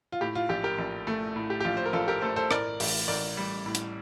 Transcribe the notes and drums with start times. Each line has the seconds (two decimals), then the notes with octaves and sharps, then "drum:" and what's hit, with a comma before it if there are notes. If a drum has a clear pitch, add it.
0.12 F4
0.21 A2 G4
0.35 F4
0.49 A#1 G4
0.64 G4 A#4
0.79 A#1
1.07 A3
1.36 A2
1.50 G4
1.60 G4
1.65 A#1 F4
1.77 C5
1.86 A#4
1.93 A#1 F4 A4
2.08 G4 A#4
2.21 A3 A4 C5
2.36 A4 C5
2.51 A2 A#4 D5, drum: rim click
2.80 A1, drum: open hi-hat
3.08 A1 A#4 D5
3.37 G3
3.66 A2
3.75 drum: hi-hat